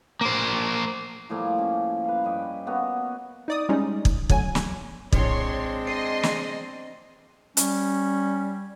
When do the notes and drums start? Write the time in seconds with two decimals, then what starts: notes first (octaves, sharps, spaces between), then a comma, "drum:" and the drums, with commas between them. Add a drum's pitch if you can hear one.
0.21 A#3 C5
1.30 A2 F3 G3 A#3
1.58 C#4
2.05 B4 F5
2.24 G2 G3 D#5 G5
2.67 A#3 B3 C#4 F#4
3.48 D#4 D5 D#6
3.69 G3 G#3 C#4 D#4
4.05 drum: kick
4.29 D2 F#3 G#5, drum: kick
4.55 drum: snare
5.12 A#1 A2 G#3 C4 D4 C#5 C6, drum: kick
5.87 D#5 C6 C7
6.23 drum: snare
7.57 G3 C#4, drum: hi-hat